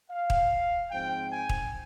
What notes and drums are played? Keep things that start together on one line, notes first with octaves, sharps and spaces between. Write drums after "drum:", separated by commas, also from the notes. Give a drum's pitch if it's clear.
F5
drum: kick D#1
G#2 F3 C4 G5
G#5
drum: kick D#1